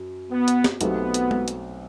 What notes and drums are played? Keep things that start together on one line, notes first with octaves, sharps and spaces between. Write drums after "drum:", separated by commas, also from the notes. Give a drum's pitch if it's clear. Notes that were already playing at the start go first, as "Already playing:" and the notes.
Already playing: F#2
B3
drum: hi-hat
drum: snare
B1 B2 A3 B3 C4 G4, drum: hi-hat
drum: hi-hat
drum: tom G#3
drum: hi-hat